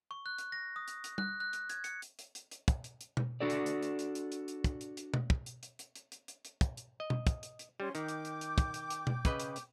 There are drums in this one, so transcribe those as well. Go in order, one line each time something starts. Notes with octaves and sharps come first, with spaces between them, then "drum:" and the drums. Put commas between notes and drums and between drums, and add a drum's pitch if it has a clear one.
C#6
F#6
drum: hi-hat
A#6
D#6
drum: hi-hat
drum: hi-hat
F#6, drum: tom
F#6
drum: hi-hat
G#6, drum: hi-hat
C#7, drum: hi-hat
drum: hi-hat
drum: hi-hat
drum: hi-hat
drum: hi-hat
drum: kick, hi-hat
drum: hi-hat
drum: hi-hat
drum: tom B2
D4 F#4 A4 D5
drum: hi-hat
drum: hi-hat
drum: hi-hat
drum: hi-hat
drum: hi-hat
drum: hi-hat
drum: hi-hat
drum: kick, hi-hat
drum: hi-hat
drum: hi-hat
drum: tom B2
drum: kick
drum: hi-hat
drum: hi-hat
drum: hi-hat
drum: hi-hat
drum: hi-hat
drum: hi-hat
drum: hi-hat
drum: kick, hi-hat
drum: hi-hat
D#5
drum: tom B2
drum: kick, hi-hat
drum: hi-hat
drum: hi-hat
G3 C#4 C6
D#3 G5 D6 G6, drum: hi-hat
drum: hi-hat
drum: hi-hat
drum: hi-hat
drum: kick, hi-hat
drum: hi-hat
drum: hi-hat
drum: tom B2
C#3 B4 D#5, drum: kick, hi-hat
drum: hi-hat
drum: hi-hat